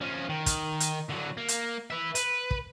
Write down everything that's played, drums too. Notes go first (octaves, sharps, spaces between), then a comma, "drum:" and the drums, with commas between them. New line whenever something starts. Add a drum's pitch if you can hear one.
F3 C#4
D#3
drum: kick, hi-hat
drum: hi-hat
D3 F#3
A#3
drum: hi-hat
B4 E5
B4, drum: hi-hat
drum: kick